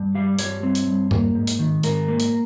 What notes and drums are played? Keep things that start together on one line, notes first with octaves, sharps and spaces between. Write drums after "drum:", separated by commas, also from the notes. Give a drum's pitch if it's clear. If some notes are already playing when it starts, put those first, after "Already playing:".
Already playing: G2
G3 F5
G2 C#5, drum: hi-hat
C4
drum: hi-hat
G2
A#3, drum: tom G2
G#2
drum: hi-hat
D#3
G#2 A#4, drum: hi-hat
A#3
drum: hi-hat